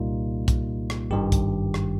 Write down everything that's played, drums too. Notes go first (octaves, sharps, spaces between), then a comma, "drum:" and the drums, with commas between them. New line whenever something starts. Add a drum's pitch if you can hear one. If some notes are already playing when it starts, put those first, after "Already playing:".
Already playing: C2 A#2 G3 A#3 D#4 F4
drum: kick B1, hi-hat
drum: rim click
G#1 G2 D#3 G4
drum: kick B1, hi-hat
drum: rim click